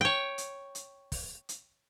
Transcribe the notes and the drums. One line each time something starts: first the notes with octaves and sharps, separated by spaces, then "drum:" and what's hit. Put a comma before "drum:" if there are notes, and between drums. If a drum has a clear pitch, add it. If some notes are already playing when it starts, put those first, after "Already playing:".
C#5 G5
drum: hi-hat
drum: hi-hat
drum: kick, open hi-hat
drum: hi-hat